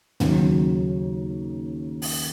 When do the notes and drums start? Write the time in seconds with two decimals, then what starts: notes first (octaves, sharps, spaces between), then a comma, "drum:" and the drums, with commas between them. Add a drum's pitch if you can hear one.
0.20 D#2 C#3 F#3, drum: tom
2.02 drum: open hi-hat